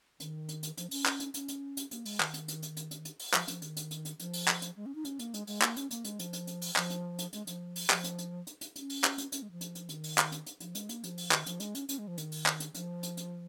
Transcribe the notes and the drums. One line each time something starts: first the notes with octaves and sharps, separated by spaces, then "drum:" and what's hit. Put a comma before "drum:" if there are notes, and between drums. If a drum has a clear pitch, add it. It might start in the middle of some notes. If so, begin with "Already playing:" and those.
D#3, drum: hi-hat
drum: hi-hat
drum: hi-hat
F3, drum: hi-hat
C#4, drum: open hi-hat
drum: clap
drum: hi-hat
C#4, drum: hi-hat
drum: hi-hat
drum: hi-hat
A#3, drum: hi-hat
G#3, drum: open hi-hat
D#3, drum: clap
drum: hi-hat
drum: hi-hat
drum: hi-hat
drum: hi-hat
drum: hi-hat
drum: hi-hat
drum: open hi-hat
F3, drum: clap
F3, drum: hi-hat
D#3, drum: hi-hat
drum: hi-hat
drum: hi-hat
drum: hi-hat
F3, drum: hi-hat
drum: open hi-hat
drum: clap
drum: hi-hat
G#3
C#4
D#4
C#4, drum: hi-hat
A#3, drum: hi-hat
G#3, drum: hi-hat
G#3, drum: open hi-hat
A#3, drum: clap
C#4, drum: hi-hat
A#3, drum: hi-hat
G#3, drum: hi-hat
F3, drum: hi-hat
drum: hi-hat
drum: hi-hat
drum: open hi-hat
F3, drum: clap
drum: hi-hat
drum: hi-hat
G#3, drum: hi-hat
F3, drum: hi-hat
drum: open hi-hat
F3, drum: clap
drum: hi-hat
drum: hi-hat
drum: hi-hat
drum: hi-hat
C#4, drum: hi-hat
drum: open hi-hat
drum: clap
drum: hi-hat
C#4, drum: hi-hat
G#3
F3
drum: hi-hat
drum: hi-hat
D#3, drum: hi-hat
drum: open hi-hat
drum: clap
drum: hi-hat
drum: hi-hat
F3, drum: hi-hat
G#3, drum: hi-hat
A#3, drum: hi-hat
F3, drum: hi-hat
drum: open hi-hat
D#3, drum: clap
F3, drum: hi-hat
G#3, drum: hi-hat
C#4, drum: hi-hat
C#4, drum: hi-hat
G#3
F3
D#3, drum: hi-hat
drum: open hi-hat
drum: clap
drum: hi-hat
F3, drum: hi-hat
drum: hi-hat
drum: hi-hat